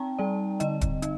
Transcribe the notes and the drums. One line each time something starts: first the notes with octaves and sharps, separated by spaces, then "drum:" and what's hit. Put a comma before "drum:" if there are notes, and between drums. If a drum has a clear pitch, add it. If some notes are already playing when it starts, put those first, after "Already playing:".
Already playing: C4 D#4 G5 A5 A#5
G3 D5
D3 D#5, drum: hi-hat
drum: kick, hi-hat
D#4, drum: hi-hat